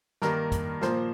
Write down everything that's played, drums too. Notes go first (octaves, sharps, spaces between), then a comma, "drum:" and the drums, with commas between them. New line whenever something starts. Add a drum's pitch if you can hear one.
G2 D#3 G3 A#3 A#4, drum: snare
drum: kick, hi-hat
A#2 F3 A#3 C5, drum: snare